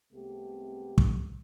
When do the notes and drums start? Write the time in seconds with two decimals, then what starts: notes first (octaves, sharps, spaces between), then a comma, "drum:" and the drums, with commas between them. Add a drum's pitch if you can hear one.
0.13 C2 C3 G#3 A3 B3 G4
0.98 drum: kick